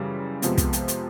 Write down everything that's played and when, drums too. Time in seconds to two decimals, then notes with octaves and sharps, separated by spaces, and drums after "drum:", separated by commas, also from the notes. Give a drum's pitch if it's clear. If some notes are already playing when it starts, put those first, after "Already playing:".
Already playing: F#2 C#3 E3 G3
0.42 F2 C3 F3 G#3 B3, drum: hi-hat
0.58 drum: kick, hi-hat
0.73 drum: hi-hat
0.88 drum: hi-hat